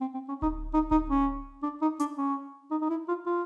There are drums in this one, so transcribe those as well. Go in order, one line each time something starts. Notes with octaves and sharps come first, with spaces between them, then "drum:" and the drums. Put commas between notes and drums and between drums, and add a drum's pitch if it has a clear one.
C4
C4
C#4
D#4, drum: kick D1
D#4
D#4, drum: kick D1
C#4
D4
D#4
D4, drum: hi-hat
C#4
D#4
D#4
E4
F4
F4